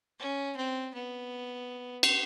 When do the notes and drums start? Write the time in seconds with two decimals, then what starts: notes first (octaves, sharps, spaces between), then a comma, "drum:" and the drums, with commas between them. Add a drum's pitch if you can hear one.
0.19 C#4
0.57 C4
0.94 B3
2.03 drum: cymbal